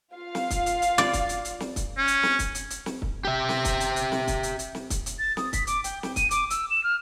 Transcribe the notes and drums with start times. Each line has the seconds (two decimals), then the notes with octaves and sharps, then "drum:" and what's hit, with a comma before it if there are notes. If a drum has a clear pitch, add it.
0.12 F4 F5
0.35 drum: snare
0.50 drum: kick, hi-hat
0.66 drum: hi-hat
0.82 drum: hi-hat
0.98 D5, drum: snare
1.13 drum: kick, hi-hat
1.29 drum: hi-hat
1.45 drum: hi-hat
1.60 drum: snare
1.76 drum: kick, hi-hat
1.97 C#4
2.08 drum: hi-hat
2.23 drum: snare
2.39 drum: kick, hi-hat
2.55 drum: hi-hat
2.70 drum: hi-hat
2.86 drum: snare
3.02 drum: kick
3.25 G4 E5
3.49 drum: snare
3.65 drum: kick, hi-hat
3.80 drum: hi-hat
3.96 drum: hi-hat
4.12 drum: snare
4.27 drum: kick, hi-hat
4.43 drum: hi-hat
4.59 drum: hi-hat
4.75 drum: snare
4.90 drum: kick, hi-hat
5.06 drum: hi-hat
5.19 A6
5.37 D#6, drum: snare
5.53 B6, drum: kick, hi-hat
5.67 D6, drum: hi-hat
5.84 G5, drum: hi-hat
6.03 G5, drum: snare
6.16 D#7, drum: kick, hi-hat
6.31 D6, drum: hi-hat
6.50 E6, drum: hi-hat
6.70 E7
6.84 F6